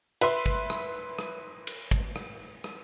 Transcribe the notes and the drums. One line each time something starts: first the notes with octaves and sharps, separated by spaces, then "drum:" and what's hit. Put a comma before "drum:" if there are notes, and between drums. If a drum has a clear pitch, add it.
B4 E5 C6, drum: cymbal
drum: kick
drum: rim click
drum: rim click
drum: cymbal
drum: kick
drum: rim click
drum: rim click